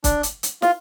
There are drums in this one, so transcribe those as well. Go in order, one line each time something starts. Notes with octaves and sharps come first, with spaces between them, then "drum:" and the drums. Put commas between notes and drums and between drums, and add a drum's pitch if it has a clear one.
D4, drum: kick, hi-hat
drum: hi-hat
drum: hi-hat
F4, drum: snare